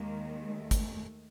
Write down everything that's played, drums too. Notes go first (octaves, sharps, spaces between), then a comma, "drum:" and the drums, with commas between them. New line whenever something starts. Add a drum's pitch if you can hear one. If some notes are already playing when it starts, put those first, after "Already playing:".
Already playing: D#2 D#3 G#3 A#3
A3
drum: kick, hi-hat